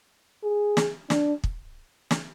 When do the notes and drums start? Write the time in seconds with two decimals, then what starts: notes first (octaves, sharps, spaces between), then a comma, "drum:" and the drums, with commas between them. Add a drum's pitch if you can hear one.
0.44 G#4
0.77 drum: snare
1.10 D4, drum: snare
1.44 drum: kick
2.11 drum: snare